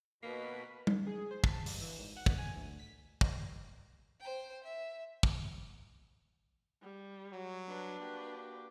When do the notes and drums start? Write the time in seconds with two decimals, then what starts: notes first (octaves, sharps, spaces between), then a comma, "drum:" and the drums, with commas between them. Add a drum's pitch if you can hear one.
0.23 B2 A#3 B4
0.87 drum: tom G3
1.07 G#4
1.31 C5
1.44 A5, drum: kick
1.66 G2, drum: open hi-hat
1.81 E3
1.99 G#1
2.17 F#5
2.26 drum: kick
2.38 G#5
2.56 D2
2.79 B6
3.21 drum: kick
4.20 C5 G5
4.63 E5
5.23 drum: kick
6.82 G3
7.31 F#3
7.68 D4 B4
7.98 A#3 F#4 G4